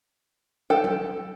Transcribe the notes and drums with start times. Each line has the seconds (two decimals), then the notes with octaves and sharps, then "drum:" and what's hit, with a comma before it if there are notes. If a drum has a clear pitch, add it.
0.70 A4 G5
0.84 drum: tom F#3